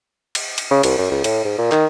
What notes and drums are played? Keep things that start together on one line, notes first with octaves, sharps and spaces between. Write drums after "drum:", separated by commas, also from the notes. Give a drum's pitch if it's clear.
drum: cymbal
drum: cymbal
C#3
C2, drum: cymbal
F#2
C#2
A2, drum: cymbal
G#2
A#2
D#3, drum: clap